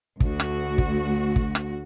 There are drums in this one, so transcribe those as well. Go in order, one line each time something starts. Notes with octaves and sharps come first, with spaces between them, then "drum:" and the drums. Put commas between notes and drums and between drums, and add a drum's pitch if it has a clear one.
D2 A3 F#4, drum: kick
drum: rim click
drum: kick
drum: kick
drum: rim click